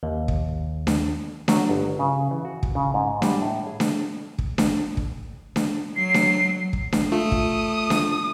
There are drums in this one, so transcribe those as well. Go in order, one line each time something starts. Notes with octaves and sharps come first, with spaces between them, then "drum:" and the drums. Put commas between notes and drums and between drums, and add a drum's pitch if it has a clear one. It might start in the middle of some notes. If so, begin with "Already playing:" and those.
D#2
drum: kick
drum: snare D4
F#3, drum: snare D4
G1
C#3
E3
F#4
drum: kick
C#3
G#2
G3, drum: snare D4
A2
G#4
drum: snare D4
drum: kick
drum: snare D4
drum: kick
drum: snare D4
F#3 C7
drum: snare D4
drum: kick
drum: snare D4
A3 F4 D#6
drum: kick
drum: snare D4